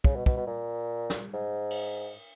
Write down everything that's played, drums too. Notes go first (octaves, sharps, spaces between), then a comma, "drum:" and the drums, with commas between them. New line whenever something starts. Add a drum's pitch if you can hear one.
C#3, drum: kick
B2
B2, drum: kick
B2
A#2
drum: snare
G#2
drum: cymbal